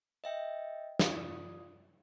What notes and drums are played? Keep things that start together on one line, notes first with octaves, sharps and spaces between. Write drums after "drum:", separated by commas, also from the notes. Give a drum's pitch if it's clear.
D#5 E5 G5
F4 D5 D#6, drum: snare